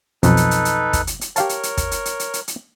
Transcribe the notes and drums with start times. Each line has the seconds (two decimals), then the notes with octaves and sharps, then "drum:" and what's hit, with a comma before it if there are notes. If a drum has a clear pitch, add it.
0.23 B1 F2 D#4 A4 B4, drum: hi-hat
0.37 drum: hi-hat
0.51 drum: hi-hat
0.65 drum: hi-hat
0.93 drum: kick, hi-hat
1.07 drum: hi-hat
1.21 drum: hi-hat
1.36 G4 A#4 C#5 F5 A5, drum: hi-hat
1.49 drum: hi-hat
1.63 drum: hi-hat
1.77 drum: kick, hi-hat
1.91 drum: hi-hat
2.05 drum: hi-hat
2.20 drum: hi-hat
2.34 drum: hi-hat
2.48 drum: hi-hat